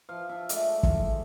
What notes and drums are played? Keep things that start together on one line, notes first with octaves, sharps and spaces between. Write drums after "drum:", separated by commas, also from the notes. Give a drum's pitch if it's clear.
F3 F5
E5 A5
G#3 A3 D5, drum: hi-hat
drum: kick